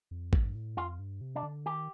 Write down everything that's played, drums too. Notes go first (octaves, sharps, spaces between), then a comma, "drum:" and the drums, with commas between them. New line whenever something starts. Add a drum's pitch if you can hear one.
F2
G2, drum: kick A1
A2
F2 F4
G2
C3
D4
D3
D#3 G4